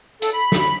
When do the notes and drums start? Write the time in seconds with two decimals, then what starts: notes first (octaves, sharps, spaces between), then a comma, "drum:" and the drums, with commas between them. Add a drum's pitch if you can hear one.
0.22 A4, drum: hi-hat
0.33 B5
0.52 drum: snare